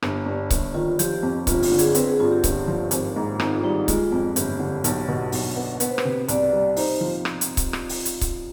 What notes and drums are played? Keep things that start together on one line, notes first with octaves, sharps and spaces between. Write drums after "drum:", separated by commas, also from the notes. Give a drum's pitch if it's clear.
G1 D4, drum: rim click
G2
G1, drum: kick C#1, hi-hat
D#3 F4
F3 G4, drum: hi-hat
F2
G1 F4, drum: kick C#1, hi-hat
F4, drum: open hi-hat
D3
G#4, drum: hi-hat
C4 B4, drum: hi-hat
G#4
G2 F4
G4
G1, drum: kick C#1, hi-hat
F3
G#1, drum: hi-hat
G#2
G#1 D#4, drum: rim click
F4
G3 D#4
D#4
G#3 F4, drum: kick C#1, hi-hat
F2
G1 G4, drum: hi-hat
D3
B1, drum: hi-hat
B2
B1, drum: open hi-hat
B3
B3 B4, drum: hi-hat
C5
B4, drum: rim click
C3
C2 D5, drum: hi-hat
G3
D#4 C5, drum: open hi-hat
F3
drum: rim click
drum: hi-hat
drum: kick C#1, hi-hat
drum: rim click
drum: open hi-hat
drum: hi-hat
drum: kick C#1, hi-hat